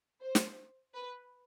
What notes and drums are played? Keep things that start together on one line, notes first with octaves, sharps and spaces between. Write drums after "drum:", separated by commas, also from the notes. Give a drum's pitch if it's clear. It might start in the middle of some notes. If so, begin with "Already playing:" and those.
C5
drum: snare
B4